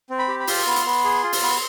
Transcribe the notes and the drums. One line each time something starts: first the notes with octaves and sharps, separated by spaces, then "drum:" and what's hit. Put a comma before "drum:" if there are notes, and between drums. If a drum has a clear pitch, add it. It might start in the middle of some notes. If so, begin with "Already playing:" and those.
C4
B5
G4
B5
F4 C6, drum: open hi-hat
B3
drum: hi-hat
B3
G#4
F4
drum: open hi-hat
B3